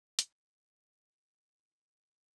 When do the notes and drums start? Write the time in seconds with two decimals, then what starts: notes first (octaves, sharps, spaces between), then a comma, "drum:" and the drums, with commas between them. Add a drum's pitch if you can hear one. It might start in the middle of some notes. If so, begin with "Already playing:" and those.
0.19 F#3 A3, drum: hi-hat
1.11 E3 G3
1.33 F#3 A3
1.57 C#3 E3
1.69 E3
1.80 B2 D3
2.03 G2 B2